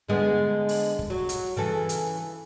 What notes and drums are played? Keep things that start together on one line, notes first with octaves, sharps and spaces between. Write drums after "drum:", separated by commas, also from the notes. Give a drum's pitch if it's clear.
D3 G#3 B3
drum: open hi-hat
drum: kick
F#3
drum: hi-hat
C#3 E3 A4
drum: hi-hat